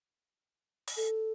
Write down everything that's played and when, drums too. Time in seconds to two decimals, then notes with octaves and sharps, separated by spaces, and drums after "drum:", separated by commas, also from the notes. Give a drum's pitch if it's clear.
0.87 drum: open hi-hat
0.97 A4